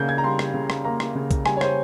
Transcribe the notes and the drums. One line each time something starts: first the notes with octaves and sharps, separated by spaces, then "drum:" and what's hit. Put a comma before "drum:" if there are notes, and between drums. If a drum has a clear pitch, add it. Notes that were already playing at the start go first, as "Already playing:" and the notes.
Already playing: C#3 A#3 G6
G#6
A#5
G3 C6
drum: rim click
C#3
drum: rim click
A#3 A#5
drum: rim click
C#3
drum: kick B1, hi-hat
G3 G#5, drum: rim click
C#5
C5, drum: rim click